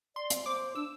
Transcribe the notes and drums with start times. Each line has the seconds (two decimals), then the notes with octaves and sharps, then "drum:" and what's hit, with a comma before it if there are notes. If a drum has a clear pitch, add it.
0.16 D5 C6
0.30 drum: hi-hat
0.46 C5 D6
0.75 D4 E6